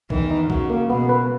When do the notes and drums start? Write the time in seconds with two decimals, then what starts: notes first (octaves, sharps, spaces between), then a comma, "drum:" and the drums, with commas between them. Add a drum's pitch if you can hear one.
0.10 E2 D#3 E3, drum: kick B1
0.31 D#4
0.50 C#3 F#4, drum: kick B1
0.70 A#3
0.90 B2 B3
1.09 B4